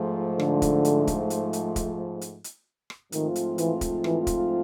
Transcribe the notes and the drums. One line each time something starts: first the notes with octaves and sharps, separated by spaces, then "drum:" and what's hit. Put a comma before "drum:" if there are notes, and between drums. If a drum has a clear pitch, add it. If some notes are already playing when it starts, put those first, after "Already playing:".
Already playing: G#2 F3 A3
D3, drum: rim click
drum: kick, hi-hat
drum: hi-hat
drum: kick, hi-hat
drum: hi-hat
drum: hi-hat
drum: kick, hi-hat
drum: hi-hat
drum: hi-hat
drum: rim click
G#2 D#3 F3 A3 C4 F4, drum: hi-hat
drum: hi-hat
E3, drum: hi-hat
drum: kick, hi-hat
E3, drum: rim click
drum: kick, hi-hat